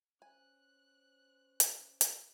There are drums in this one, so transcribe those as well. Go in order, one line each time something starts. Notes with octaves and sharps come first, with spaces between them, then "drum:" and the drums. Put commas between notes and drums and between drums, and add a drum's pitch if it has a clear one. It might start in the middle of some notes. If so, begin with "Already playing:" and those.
C#4 C5 G#5 F#6
drum: hi-hat
drum: hi-hat